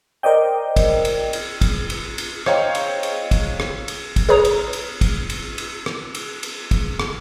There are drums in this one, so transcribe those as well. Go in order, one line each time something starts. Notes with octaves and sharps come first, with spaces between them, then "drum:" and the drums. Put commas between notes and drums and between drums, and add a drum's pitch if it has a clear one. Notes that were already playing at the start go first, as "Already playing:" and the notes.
A#4 C5 D5 D#5 G5
drum: kick, cymbal
drum: cymbal
drum: cymbal
drum: kick, cymbal
drum: cymbal
drum: cymbal
C5 C#5 D#5 F5 G5 A#5, drum: rim click
drum: cymbal
drum: cymbal
drum: kick, cymbal
drum: rim click
drum: cymbal
drum: kick, cymbal
G#4 B4 C#5 A#5 D#6
drum: cymbal
drum: cymbal
drum: kick, cymbal
drum: cymbal
drum: cymbal
drum: rim click
drum: cymbal
drum: cymbal
drum: kick, cymbal
drum: rim click